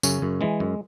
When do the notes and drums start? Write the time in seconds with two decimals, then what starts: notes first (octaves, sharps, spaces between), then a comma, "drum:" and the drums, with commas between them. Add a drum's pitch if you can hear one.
0.03 F#2 C#3 C#4, drum: tambourine
0.22 F#2
0.41 E3 G#3
0.60 F#2